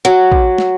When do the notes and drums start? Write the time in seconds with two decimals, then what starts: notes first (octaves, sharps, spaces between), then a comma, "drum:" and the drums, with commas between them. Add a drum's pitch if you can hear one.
0.05 F#3
0.32 drum: kick
0.58 drum: snare